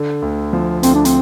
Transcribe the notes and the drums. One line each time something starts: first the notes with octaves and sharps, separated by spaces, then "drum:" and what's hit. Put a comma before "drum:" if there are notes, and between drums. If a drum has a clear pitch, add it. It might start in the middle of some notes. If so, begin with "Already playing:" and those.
Already playing: D3
D2
F3
D2 C4, drum: hi-hat
D4
C4, drum: hi-hat